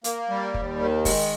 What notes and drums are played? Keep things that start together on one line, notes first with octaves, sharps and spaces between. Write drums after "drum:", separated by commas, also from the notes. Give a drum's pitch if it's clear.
A#3, drum: hi-hat
G3
D#2, drum: kick
D#3
G#3, drum: kick, open hi-hat